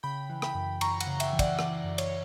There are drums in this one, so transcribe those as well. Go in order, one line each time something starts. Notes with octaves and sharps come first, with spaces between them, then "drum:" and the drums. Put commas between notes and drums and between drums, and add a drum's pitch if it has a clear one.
C#3 G5 B5
E3
G5 B5, drum: rim click
F#2
F#2 A#5 C#6, drum: cymbal
F#5 A#5, drum: cymbal
C#3
E5 G5, drum: cymbal
E3
D5 F#5, drum: kick, cymbal
E3 D5, drum: rim click
F#2
C#5, drum: cymbal